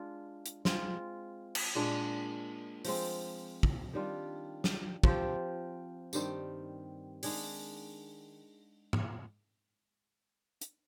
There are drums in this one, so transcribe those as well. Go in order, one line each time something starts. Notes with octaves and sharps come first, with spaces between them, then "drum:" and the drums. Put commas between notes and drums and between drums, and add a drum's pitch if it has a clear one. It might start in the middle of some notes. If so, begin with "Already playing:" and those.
Already playing: G#3 D4 F4
drum: hi-hat
G#3 C4 F4, drum: snare
drum: cymbal
A#2 G#3 D4
F3 G#3 C4, drum: open hi-hat
drum: kick
D#3 G3 D4 F4
drum: snare
F3 C4 G4, drum: kick
G2 D#3 G3 C4, drum: tambourine
D#3 G#3 D4 G#4, drum: open hi-hat
drum: tom G#2
drum: hi-hat